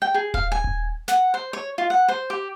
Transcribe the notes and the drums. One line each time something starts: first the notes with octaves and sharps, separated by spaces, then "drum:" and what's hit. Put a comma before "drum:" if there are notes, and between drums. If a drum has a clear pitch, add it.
G5
G#4
F5, drum: kick D#1
G#5
drum: kick D#1
F#5, drum: snare
C5
C#5
F4
F#5
C5
G4